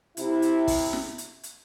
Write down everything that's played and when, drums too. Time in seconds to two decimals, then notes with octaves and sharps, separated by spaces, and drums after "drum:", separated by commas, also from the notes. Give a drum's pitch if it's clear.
0.17 C3 E4, drum: hi-hat
0.42 drum: hi-hat
0.68 drum: kick, open hi-hat
0.93 drum: snare
1.18 drum: hi-hat
1.43 drum: hi-hat